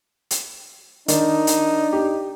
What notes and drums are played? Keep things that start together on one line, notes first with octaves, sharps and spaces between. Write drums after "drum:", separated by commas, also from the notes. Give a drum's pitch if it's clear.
drum: hi-hat
D#3 D4 D#4 D5, drum: hi-hat
drum: hi-hat
G4